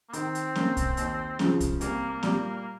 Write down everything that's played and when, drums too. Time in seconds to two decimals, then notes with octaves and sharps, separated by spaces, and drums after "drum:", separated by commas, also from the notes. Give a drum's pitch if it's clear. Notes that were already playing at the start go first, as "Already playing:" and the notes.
0.09 A#3
0.13 D#3 C4, drum: hi-hat
0.35 drum: hi-hat
0.55 A#3 C#4, drum: snare C4
0.77 drum: kick, hi-hat
0.97 D#2, drum: hi-hat
1.39 C#3 F3, drum: snare C4
1.60 drum: kick, hi-hat
1.81 C2 A#3, drum: hi-hat
2.09 A#3
2.23 A#2 G3, drum: snare C4
2.38 A#3
2.57 A#3